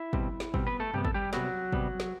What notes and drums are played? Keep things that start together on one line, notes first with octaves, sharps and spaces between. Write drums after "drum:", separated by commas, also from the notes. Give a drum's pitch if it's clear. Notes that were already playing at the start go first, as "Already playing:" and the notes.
Already playing: E4 E5
B2 G3 C4, drum: kick
drum: snare
B2 G3 C4, drum: kick
B3 B4
A3 A4
C3 G3 B3 G4, drum: tom F#2
A4, drum: kick
G3 G4
C3 F#3 G3 B3 F#4, drum: snare
C3 G3 B3, drum: kick
drum: snare